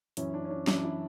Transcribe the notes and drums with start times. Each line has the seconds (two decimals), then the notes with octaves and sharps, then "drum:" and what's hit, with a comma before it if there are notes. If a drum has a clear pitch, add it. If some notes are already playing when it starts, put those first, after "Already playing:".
0.17 F#2 E3 C#4, drum: hi-hat
0.34 D4
0.45 C#4
0.50 D4
0.67 F#2 E3 D4, drum: snare
0.84 E4